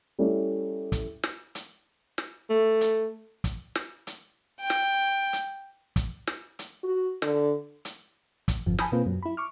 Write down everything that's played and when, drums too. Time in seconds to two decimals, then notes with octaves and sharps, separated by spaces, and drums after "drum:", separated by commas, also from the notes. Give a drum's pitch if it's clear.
0.19 G3 A3 C#4 E4
0.92 drum: kick, hi-hat
1.23 drum: snare
1.55 drum: hi-hat
2.18 drum: snare
2.49 A3
2.81 drum: hi-hat
3.44 drum: kick, hi-hat
3.75 drum: snare
4.07 drum: hi-hat
4.61 G5
4.70 drum: snare
5.33 drum: hi-hat
5.96 drum: kick, hi-hat
6.27 drum: snare
6.59 drum: hi-hat
6.83 F#4
7.22 D3, drum: snare
7.85 drum: hi-hat
8.48 drum: kick, hi-hat
8.66 G1 F2 F3
8.78 G#5 A5 B5 D#6 G6, drum: snare
8.92 B2 A#3 C4 F4 B4
9.06 F#2 F#3
9.23 E4 B5
9.37 C#6 D6 F6